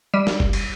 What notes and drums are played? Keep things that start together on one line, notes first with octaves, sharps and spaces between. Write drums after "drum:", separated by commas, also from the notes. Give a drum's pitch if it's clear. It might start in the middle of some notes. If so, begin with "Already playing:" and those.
G3
drum: snare
drum: kick
drum: cymbal